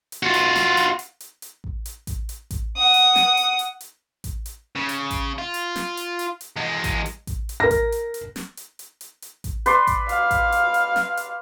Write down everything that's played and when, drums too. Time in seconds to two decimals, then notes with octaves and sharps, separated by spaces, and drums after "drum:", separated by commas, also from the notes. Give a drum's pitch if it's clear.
0.12 drum: hi-hat
0.23 F4 F#4
0.34 drum: hi-hat
0.55 drum: snare
0.77 drum: hi-hat
0.99 drum: hi-hat
1.20 drum: hi-hat
1.42 drum: hi-hat
1.64 drum: kick A1
1.86 drum: hi-hat
2.07 drum: kick A1, hi-hat
2.29 drum: hi-hat
2.51 drum: kick A1, hi-hat
2.77 F#5 D#6
2.94 drum: hi-hat
3.16 drum: snare
3.37 drum: hi-hat
3.59 drum: hi-hat
3.81 drum: hi-hat
4.24 drum: kick A1, hi-hat
4.46 drum: hi-hat
4.75 C#3
4.89 drum: hi-hat
5.11 drum: kick A1, hi-hat
5.38 F4
5.54 drum: hi-hat
5.76 drum: snare
5.97 drum: hi-hat
6.19 drum: hi-hat
6.41 drum: hi-hat
6.56 E2 G#3
6.84 drum: kick A1, hi-hat
7.06 drum: hi-hat
7.27 drum: kick A1, hi-hat
7.49 drum: hi-hat
7.60 A#4 A#6
7.71 drum: kick A1, hi-hat
7.92 drum: hi-hat
8.14 drum: hi-hat
8.36 drum: snare
8.57 drum: hi-hat
8.79 drum: hi-hat
9.01 drum: hi-hat
9.22 drum: hi-hat
9.44 drum: kick A1, hi-hat
9.66 B4 D5 C6, drum: hi-hat
9.87 drum: kick A1, hi-hat
10.09 F5, drum: hi-hat
10.31 drum: kick A1, hi-hat
10.52 drum: hi-hat
10.74 drum: hi-hat
10.96 drum: snare
11.17 drum: hi-hat